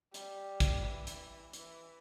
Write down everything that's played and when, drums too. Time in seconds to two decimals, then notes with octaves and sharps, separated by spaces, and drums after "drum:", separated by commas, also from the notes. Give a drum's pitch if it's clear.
0.14 G3, drum: hi-hat
0.60 drum: kick, hi-hat
0.83 E3
1.07 drum: hi-hat
1.53 E3, drum: hi-hat